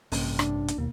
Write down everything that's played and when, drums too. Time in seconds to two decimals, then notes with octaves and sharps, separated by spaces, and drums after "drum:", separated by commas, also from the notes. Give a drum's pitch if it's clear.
0.12 A1 G2 C3 A#3 C#4, drum: open hi-hat
0.39 D4, drum: rim click
0.68 drum: hi-hat
0.78 D#2 B2 A#3